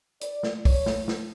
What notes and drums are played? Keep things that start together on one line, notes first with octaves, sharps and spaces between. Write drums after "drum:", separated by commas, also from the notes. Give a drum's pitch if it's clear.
D5, drum: hi-hat
drum: snare
C#5, drum: kick, open hi-hat
drum: snare
drum: snare